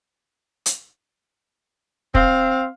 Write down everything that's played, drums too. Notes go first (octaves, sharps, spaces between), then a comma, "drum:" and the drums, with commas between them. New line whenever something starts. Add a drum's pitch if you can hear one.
drum: hi-hat
C4 F5, drum: kick